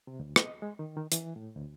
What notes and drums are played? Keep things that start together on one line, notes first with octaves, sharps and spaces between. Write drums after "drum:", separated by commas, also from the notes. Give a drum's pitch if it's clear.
C3
D2
D#5, drum: rim click
G#3
D#3
D#3
E3, drum: hi-hat
A2
D2